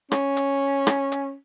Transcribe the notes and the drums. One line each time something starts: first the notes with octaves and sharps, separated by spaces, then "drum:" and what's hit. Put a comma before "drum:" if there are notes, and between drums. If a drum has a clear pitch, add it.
C#4, drum: rim click
drum: hi-hat
drum: rim click
drum: hi-hat